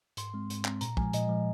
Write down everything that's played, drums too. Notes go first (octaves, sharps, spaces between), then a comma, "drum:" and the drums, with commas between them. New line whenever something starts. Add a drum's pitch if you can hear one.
G#2 C6, drum: hi-hat
G#3 C4
G#2, drum: hi-hat
G#3 C4, drum: clap
A#2 A#5, drum: hi-hat
F3 G#3 G#5, drum: kick
A#2 D#5, drum: hi-hat
F3 G#3